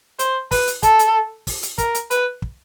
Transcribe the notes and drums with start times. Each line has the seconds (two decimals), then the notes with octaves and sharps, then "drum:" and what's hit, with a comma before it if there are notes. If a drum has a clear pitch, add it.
0.19 C5, drum: hi-hat
0.51 B4, drum: kick, open hi-hat
0.67 drum: hi-hat
0.83 A4, drum: kick, hi-hat
0.99 drum: hi-hat
1.47 drum: kick, open hi-hat
1.63 drum: hi-hat
1.78 A#4, drum: kick, hi-hat
1.95 drum: hi-hat
2.11 B4, drum: hi-hat
2.42 drum: kick